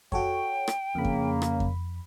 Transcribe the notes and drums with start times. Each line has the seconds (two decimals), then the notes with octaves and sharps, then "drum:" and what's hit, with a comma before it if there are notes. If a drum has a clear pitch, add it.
0.12 F#4 A4 C#5 G5, drum: kick F2
0.68 drum: rim click
0.95 F2 C#3 A#3 B5
1.05 drum: kick F2
1.42 drum: rim click
1.60 drum: kick F2